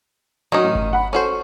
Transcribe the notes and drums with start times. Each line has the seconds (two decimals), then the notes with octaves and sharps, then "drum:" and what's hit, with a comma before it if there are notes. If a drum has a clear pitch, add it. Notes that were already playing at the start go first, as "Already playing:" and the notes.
0.52 D#3 F#3 C#4 D#4 F#4
0.64 A1
0.75 drum: kick G1
0.93 F#5 B5
1.13 C#4 F#4 A4 C5